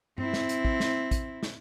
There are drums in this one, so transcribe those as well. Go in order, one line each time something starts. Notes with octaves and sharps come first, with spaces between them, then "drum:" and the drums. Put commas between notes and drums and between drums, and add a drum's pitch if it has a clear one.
C4 E4, drum: tom G2
drum: snare
drum: hi-hat
drum: kick
drum: snare
drum: kick, hi-hat
drum: snare